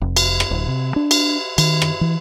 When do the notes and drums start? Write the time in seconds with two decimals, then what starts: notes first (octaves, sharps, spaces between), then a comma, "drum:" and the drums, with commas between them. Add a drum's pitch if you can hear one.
0.01 F1
0.17 drum: cymbal
0.40 drum: rim click
0.51 D1
0.68 C3
0.96 D4
1.11 drum: cymbal
1.58 D#3, drum: cymbal
1.82 drum: rim click
2.01 E3